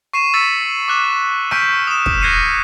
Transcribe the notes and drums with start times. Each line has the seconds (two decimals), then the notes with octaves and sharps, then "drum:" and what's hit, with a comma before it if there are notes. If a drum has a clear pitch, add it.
0.13 C#6 C7 D#7 E7
0.34 E6 A6 B6 C#7
0.88 D6 F#6 E7
1.51 C#6 F6 G6 B6 D7, drum: rim click
1.87 D#6 E7
2.06 drum: kick
2.22 F#6 G#6 A#6 C7 C#7 D#7